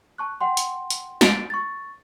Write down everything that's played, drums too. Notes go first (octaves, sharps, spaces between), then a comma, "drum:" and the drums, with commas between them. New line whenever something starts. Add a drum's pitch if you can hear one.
A5 C#6 F#6
F#5 G5 C6
drum: hi-hat
drum: hi-hat
A6 D7, drum: snare
C#6 A6